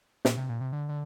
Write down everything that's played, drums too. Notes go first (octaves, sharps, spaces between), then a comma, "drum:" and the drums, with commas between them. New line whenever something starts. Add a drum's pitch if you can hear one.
A#2, drum: snare
C3
A#2
C3
D3
D3